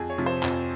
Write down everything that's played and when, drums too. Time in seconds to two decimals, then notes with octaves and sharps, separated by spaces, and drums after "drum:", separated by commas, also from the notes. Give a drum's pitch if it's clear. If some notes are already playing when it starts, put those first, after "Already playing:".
Already playing: F2 G#4
0.10 C#5
0.18 C3 F3
0.26 C5
0.43 F2, drum: clap